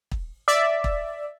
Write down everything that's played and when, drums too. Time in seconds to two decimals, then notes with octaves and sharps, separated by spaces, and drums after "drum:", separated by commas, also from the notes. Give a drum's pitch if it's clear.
0.11 drum: kick
0.48 D5 E5
0.84 drum: kick